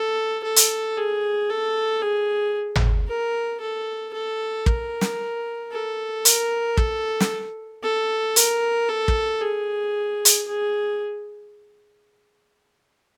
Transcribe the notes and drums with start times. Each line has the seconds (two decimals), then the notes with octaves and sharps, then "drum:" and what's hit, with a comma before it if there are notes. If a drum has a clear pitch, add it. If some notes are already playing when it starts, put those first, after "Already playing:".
Already playing: A4
0.44 A4
0.56 drum: hi-hat
0.97 G#4
1.49 A4
2.02 G#4
2.76 drum: tom G#1
3.08 A#4
3.61 A4
4.13 A4
4.66 A#4, drum: kick
5.01 drum: snare
5.72 A4
6.25 A#4, drum: hi-hat
6.77 A4, drum: kick
7.20 drum: snare
7.83 A4
8.36 A#4, drum: hi-hat
8.89 A4
9.08 drum: kick
9.42 G#4
10.25 drum: hi-hat
10.48 G#4